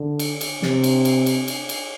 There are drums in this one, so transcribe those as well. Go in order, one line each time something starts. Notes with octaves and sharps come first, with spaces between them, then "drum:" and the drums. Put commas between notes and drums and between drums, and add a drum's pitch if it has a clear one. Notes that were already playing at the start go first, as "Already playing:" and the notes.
Already playing: D3
drum: cymbal
drum: cymbal
C3, drum: snare
drum: cymbal
drum: cymbal
drum: cymbal
drum: cymbal
drum: cymbal